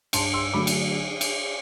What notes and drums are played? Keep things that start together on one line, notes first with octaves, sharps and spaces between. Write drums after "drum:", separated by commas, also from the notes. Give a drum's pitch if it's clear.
G2 A5 C6, drum: cymbal
C6 E6
D3 F#3 A3 B5 D6
drum: cymbal
drum: cymbal